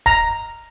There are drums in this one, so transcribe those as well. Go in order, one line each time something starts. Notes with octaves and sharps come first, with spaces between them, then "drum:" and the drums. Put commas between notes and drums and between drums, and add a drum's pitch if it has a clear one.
A#5, drum: kick D1